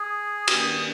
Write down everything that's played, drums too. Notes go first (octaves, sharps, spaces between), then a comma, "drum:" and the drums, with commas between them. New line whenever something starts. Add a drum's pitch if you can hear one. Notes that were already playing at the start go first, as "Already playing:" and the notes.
Already playing: G#4
G2 D#3 A#3, drum: cymbal